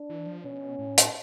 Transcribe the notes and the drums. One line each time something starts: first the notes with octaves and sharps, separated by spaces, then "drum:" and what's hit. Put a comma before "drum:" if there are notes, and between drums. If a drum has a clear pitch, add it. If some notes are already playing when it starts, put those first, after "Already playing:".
Already playing: D4
E3
F3
B2 C#4
A2
drum: hi-hat